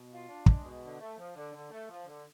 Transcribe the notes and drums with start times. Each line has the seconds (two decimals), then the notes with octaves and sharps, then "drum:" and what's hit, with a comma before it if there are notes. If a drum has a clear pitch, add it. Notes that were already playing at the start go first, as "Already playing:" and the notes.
Already playing: B2
0.11 F4
0.28 D4
0.46 G#3, drum: kick
0.64 B2
0.82 D3
0.99 A3
1.17 F3
1.35 D3
1.53 D3
1.71 A3
1.88 F3
2.06 D3